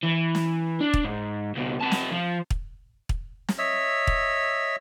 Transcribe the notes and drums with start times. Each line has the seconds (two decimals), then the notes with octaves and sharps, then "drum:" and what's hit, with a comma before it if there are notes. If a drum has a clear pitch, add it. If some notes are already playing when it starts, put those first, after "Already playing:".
0.03 E3
0.35 drum: snare
0.81 D4
0.94 drum: kick
1.04 G#2
1.56 C#2 B2
1.81 C3 A5
1.92 drum: snare
2.11 F3
2.50 drum: kick
3.09 drum: kick
3.49 drum: snare
3.58 C#5 D#5 E5 E6
4.07 drum: kick